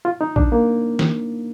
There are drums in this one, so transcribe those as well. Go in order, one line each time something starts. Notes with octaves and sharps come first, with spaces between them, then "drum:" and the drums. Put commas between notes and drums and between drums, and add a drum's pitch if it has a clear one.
F4
D#4
D4, drum: kick A#1
A#3
drum: snare